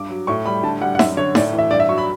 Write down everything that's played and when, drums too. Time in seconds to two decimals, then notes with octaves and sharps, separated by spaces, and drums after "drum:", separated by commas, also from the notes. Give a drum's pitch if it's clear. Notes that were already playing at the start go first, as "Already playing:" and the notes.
Already playing: G2 D6
0.09 F#3
0.27 A2 C#6
0.46 G3 B5
0.63 D3 A5
0.81 G3 F#5
0.95 F#5
0.99 F#2 E5, drum: snare D#4
1.17 D3 C#5
1.35 A2 D5, drum: snare D#4
1.53 E3
1.58 E5
1.71 G2 D5
1.80 E5
1.88 F#3 C#6
1.98 B5